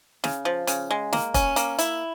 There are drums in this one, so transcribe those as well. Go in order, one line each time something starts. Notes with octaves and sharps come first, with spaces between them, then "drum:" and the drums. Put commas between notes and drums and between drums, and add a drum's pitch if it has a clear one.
C#3, drum: snare
F3
C#3, drum: hi-hat
G#3
A#3, drum: snare
C#4, drum: kick, hi-hat
A#3, drum: hi-hat
E4, drum: hi-hat